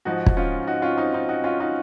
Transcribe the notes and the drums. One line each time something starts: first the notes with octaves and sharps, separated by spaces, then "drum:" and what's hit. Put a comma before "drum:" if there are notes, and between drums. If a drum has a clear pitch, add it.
G#2 F3 D#4 F#4
drum: kick
C#4 F4
D#4 F#4
C#4 F4
C4 D#4
C4 D#4
D#4 F#4
C#4 F4
D#4 F#4